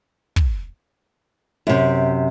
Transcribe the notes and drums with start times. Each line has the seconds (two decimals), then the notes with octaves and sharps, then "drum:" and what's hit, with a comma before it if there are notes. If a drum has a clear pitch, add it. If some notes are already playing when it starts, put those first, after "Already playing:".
0.36 drum: kick
1.67 F#2 C3